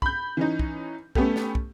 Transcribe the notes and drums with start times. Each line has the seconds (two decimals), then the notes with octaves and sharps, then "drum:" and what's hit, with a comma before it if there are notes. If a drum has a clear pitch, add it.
0.02 B5 G6, drum: kick
0.37 E3 C#4 D#4
0.59 drum: kick
1.15 A3 B3 C#4 G4 A4, drum: kick
1.36 drum: snare
1.55 drum: kick